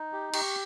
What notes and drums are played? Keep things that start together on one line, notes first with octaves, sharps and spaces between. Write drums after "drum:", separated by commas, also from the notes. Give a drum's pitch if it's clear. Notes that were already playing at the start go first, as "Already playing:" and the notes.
Already playing: D#4
G4
G4 C#6, drum: cymbal